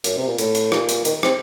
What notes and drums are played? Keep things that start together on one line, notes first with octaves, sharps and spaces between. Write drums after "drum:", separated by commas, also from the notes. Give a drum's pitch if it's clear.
F#2, drum: hi-hat
C3
A#2
A2, drum: hi-hat
drum: hi-hat
A#2, drum: rim click
drum: hi-hat
D#3, drum: hi-hat
C4, drum: rim click